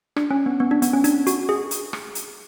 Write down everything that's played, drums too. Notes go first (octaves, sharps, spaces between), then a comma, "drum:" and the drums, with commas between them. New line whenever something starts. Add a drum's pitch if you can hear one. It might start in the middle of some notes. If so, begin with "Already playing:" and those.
D4, drum: rim click
C#4
B3
B3
D4
B3, drum: hi-hat
C#4
D4, drum: hi-hat
F#4, drum: hi-hat
G#4
drum: hi-hat
drum: rim click
drum: hi-hat